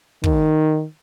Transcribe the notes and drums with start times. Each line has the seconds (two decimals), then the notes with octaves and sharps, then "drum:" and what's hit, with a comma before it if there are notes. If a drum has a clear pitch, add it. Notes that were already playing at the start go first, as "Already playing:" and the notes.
0.24 D#3, drum: kick